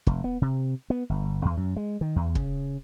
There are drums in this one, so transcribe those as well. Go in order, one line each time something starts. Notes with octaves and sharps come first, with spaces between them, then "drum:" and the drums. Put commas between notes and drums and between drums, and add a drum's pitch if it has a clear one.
F1, drum: kick
B3
C3
B3
G1
E2
F#2
G#3
D#3
E2
C#3, drum: kick